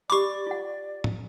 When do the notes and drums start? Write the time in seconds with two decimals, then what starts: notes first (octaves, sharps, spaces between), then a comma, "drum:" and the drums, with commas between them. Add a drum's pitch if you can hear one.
0.10 G4 D5 B5 C#6 D6
0.47 F4 F#5
1.04 drum: tom A2